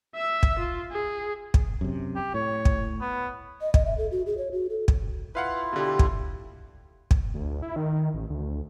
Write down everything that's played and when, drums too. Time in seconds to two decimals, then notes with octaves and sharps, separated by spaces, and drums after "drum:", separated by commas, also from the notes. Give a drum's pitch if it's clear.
0.15 E5 E6
0.43 drum: kick
0.59 F4
0.92 G#4
1.54 drum: kick
1.81 F#2 C3
2.15 G4
2.34 A2 C#5
2.65 drum: kick
3.01 B3
3.61 D#5
3.74 D#5, drum: kick
3.86 E5
3.98 A4
4.11 F#4
4.26 G#4
4.38 C#5
4.52 F#4
4.69 A4
4.88 drum: kick
5.35 E4 F4 B4 F5 F#5
5.73 B2 D3 G4
5.99 drum: kick
7.11 drum: kick
7.34 D2
7.62 E4
7.76 D#3
8.14 A1
8.30 D2